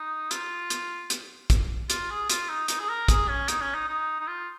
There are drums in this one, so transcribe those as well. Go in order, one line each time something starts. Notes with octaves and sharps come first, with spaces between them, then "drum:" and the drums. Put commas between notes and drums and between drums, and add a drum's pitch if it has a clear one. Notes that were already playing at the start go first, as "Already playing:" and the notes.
Already playing: D#4
F4, drum: hi-hat
drum: hi-hat
drum: hi-hat
drum: kick, hi-hat
F4, drum: hi-hat
G#4
F4, drum: hi-hat
D#4
D#4, drum: hi-hat
G#4
A#4
G#4, drum: kick, hi-hat
C#4
D#4, drum: hi-hat
C#4
D#4
D#4
D#4
F4